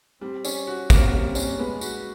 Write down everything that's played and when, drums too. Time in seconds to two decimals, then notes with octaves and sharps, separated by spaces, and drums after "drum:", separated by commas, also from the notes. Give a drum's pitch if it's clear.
0.21 G3 C4
0.45 C#4, drum: tambourine
0.67 F#4
0.90 A#3 C4, drum: kick, tambourine
1.13 G3
1.24 C4
1.35 C#4, drum: tambourine
1.58 G#3 B3
1.81 F#4, drum: tambourine